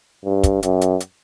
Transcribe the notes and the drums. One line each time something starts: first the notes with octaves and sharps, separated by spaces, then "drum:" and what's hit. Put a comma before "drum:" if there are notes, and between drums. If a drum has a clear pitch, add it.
G2
drum: kick, hi-hat
F#2, drum: hi-hat
drum: hi-hat
drum: hi-hat